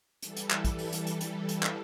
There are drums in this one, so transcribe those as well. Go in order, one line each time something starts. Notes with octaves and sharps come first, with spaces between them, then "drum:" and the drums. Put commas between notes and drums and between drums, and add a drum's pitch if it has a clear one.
E3 G3 A4, drum: hi-hat
drum: hi-hat
drum: clap
drum: kick, hi-hat
drum: open hi-hat
drum: hi-hat
drum: hi-hat
drum: hi-hat
drum: hi-hat
drum: clap